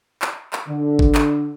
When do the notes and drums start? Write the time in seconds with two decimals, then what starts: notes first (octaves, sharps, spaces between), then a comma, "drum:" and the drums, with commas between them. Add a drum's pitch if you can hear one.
0.22 drum: clap
0.53 drum: clap
0.68 D3
0.99 drum: kick G1
1.15 drum: clap